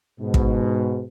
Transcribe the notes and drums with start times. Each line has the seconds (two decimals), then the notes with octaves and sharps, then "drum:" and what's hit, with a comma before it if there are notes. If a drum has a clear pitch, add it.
0.20 G#2 B2
0.34 drum: kick